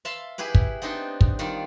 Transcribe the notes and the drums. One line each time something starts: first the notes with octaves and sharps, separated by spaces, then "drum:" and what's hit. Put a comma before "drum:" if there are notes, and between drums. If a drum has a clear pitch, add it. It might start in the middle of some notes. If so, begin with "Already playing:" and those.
E5 F5 A5 B5 C6
E4 G4 G#4 B4
drum: kick
B3 C4 D4 D#4 G5
drum: kick
D#3 G3 F4 D5